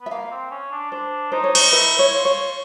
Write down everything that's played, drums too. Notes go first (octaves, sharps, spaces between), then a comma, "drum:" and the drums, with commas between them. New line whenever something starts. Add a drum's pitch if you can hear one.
B3
E5
A#3 F5
C4
C#4
D4
D4 C5
D#4 C5
C#5
C5, drum: cymbal
E4 B4
C#5
F4
C#5